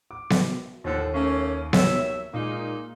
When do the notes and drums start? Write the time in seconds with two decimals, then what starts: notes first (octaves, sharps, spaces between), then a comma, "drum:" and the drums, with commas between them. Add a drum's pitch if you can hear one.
0.11 D6
0.30 drum: snare B3
0.84 D#2 A2 D3 F3
1.14 A3 A#3 C#4
1.73 D#2 F#3 C#5 E5, drum: snare B3
2.34 A#2 G#3 A#3 D#4